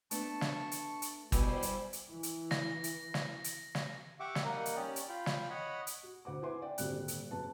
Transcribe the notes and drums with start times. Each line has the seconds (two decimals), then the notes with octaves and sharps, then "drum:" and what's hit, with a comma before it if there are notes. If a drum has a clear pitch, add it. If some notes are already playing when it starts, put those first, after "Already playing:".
0.11 A3 B3 D4 A5 C#6, drum: hi-hat
0.41 drum: snare
0.72 drum: hi-hat
1.02 drum: hi-hat
1.32 B2 G3 E4 G4 C5 D5 G#5, drum: kick, hi-hat
1.62 drum: hi-hat
1.93 drum: hi-hat
2.07 E3
2.23 drum: hi-hat
2.51 A#6, drum: snare
2.84 drum: hi-hat
3.14 drum: snare
3.44 drum: hi-hat
3.75 drum: snare
4.20 G4 E5 F#5 C#6 D6
4.35 drum: snare
4.44 G3 A#3 D#4 A#4 D#5 F#5
4.66 drum: hi-hat
4.76 C#4 G4 D5
4.96 drum: hi-hat
5.09 F4 G5 B5
5.26 drum: snare
5.50 C#5 D#5 F#5 B5
5.87 drum: hi-hat
6.03 F#4
6.25 D2 C5 F#5 D6
6.42 E4 B4 G#5 C6 D6
6.62 D5 G5
6.78 D#1 G#1 D2 G3 C4 F#6, drum: hi-hat
7.08 drum: hi-hat
7.31 F#1 F#3 B4 A5